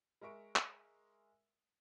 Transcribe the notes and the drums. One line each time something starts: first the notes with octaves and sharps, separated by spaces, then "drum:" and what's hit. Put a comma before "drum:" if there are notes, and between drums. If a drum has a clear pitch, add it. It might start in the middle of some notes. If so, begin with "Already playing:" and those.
G#3 A#4 E5 C#6 D7
drum: clap